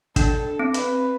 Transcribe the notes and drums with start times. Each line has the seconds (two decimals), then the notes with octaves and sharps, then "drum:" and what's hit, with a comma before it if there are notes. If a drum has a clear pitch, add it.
0.16 D4 A4, drum: kick, hi-hat
0.59 C4
0.74 B4, drum: hi-hat